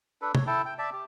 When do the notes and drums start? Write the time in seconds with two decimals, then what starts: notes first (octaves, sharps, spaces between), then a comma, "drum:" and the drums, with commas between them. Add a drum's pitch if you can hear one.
0.22 D4 A4 B4
0.35 C#5, drum: tom
0.47 E4 A4 G5 A5
0.65 G5
0.79 D5 E5 A5
0.93 G4